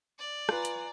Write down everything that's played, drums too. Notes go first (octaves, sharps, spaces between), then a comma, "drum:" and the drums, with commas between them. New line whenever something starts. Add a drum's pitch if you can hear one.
D5
F4 B4 G#5 A#5, drum: rim click
drum: hi-hat